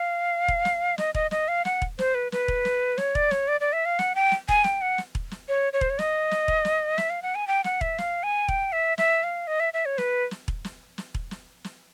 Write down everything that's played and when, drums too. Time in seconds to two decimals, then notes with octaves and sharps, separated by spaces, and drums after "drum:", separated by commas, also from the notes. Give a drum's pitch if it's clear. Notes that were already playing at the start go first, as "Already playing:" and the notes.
Already playing: F5
0.48 drum: kick E1
0.65 drum: snare
0.98 D#5, drum: snare
1.15 D#5, drum: kick E1
1.31 D#5, drum: snare
1.48 F5
1.65 F#5, drum: snare
1.82 drum: kick E1
1.99 C5, drum: snare
2.15 B4
2.32 B4, drum: snare
2.48 drum: kick E1
2.65 drum: snare
2.98 C#5, drum: snare
3.15 D5, drum: kick E1
3.31 C#5, drum: snare
3.48 D5
3.61 D5
3.73 E5
3.85 F5
3.99 F#5, drum: snare
4.15 G5
4.31 drum: snare
4.49 G#5, drum: kick E1
4.64 G5, drum: snare
4.82 F#5
4.98 drum: snare
5.15 drum: kick E1
5.31 drum: snare
5.49 C#5
5.73 C#5
5.81 C5, drum: kick E1
5.90 C#5
5.99 D#5, drum: snare
6.31 drum: snare
6.48 drum: kick E1
6.65 drum: snare
6.98 E5, drum: snare
7.10 F5
7.22 F#5
7.35 G#5
7.47 G5
7.64 F#5, drum: snare
7.81 E5, drum: kick E1
7.98 F5, drum: snare
8.23 G#5
8.48 G5, drum: kick E1
8.72 E5
8.98 E5, drum: snare
9.24 F5
9.47 D#5
9.60 E5
9.73 E5
9.85 C#5
9.98 B4, drum: snare
10.31 drum: snare
10.48 drum: kick E1
10.65 drum: snare
10.98 drum: snare
11.14 drum: kick E1
11.31 drum: snare
11.64 drum: snare